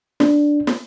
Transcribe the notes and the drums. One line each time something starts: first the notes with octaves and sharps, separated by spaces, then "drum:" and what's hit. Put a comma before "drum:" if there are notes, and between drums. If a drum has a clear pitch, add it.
D4, drum: snare
drum: snare